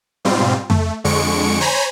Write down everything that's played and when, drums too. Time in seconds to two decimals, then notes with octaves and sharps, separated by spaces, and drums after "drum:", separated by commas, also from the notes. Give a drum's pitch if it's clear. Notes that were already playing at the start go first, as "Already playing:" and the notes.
0.25 G#2 B2 G3 C4 F4
0.70 A3, drum: tom F2
1.04 F2 D3 G#3 C#6 C#7 D7
1.60 C5 C#5 G#5 A#5 B5